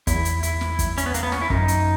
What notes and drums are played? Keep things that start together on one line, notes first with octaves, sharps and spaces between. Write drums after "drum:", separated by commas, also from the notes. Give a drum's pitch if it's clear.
E2 E4, drum: kick, hi-hat
drum: hi-hat
E4, drum: hi-hat
drum: snare
drum: kick, hi-hat
C#4, drum: hi-hat
B3
A#3, drum: hi-hat
B3
C#4, drum: snare
E4
F#2 D#4, drum: kick
drum: hi-hat